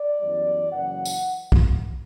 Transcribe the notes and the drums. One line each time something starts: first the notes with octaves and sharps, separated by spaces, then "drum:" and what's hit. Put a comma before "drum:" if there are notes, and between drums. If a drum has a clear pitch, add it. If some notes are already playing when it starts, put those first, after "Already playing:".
Already playing: D5
F#2 E3 G3 B3
F#1 F#2 C#3 E3 F#5
drum: tambourine
drum: kick